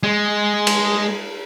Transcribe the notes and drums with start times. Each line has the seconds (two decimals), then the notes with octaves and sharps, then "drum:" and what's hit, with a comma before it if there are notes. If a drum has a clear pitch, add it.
0.03 G#3
0.67 drum: cymbal